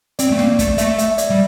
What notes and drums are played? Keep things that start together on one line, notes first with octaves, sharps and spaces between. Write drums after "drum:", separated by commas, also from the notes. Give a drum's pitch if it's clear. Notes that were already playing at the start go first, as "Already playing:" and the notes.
C4 D5, drum: hi-hat
A3
A#3, drum: snare
D5
A3, drum: kick, hi-hat
A3 E5, drum: hi-hat
E5, drum: hi-hat
D5, drum: hi-hat
G3